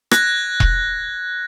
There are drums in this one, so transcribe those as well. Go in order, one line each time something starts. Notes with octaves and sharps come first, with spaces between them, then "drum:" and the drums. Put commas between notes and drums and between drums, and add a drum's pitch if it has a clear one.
F#6 G#6 A#6, drum: rim click
drum: kick E1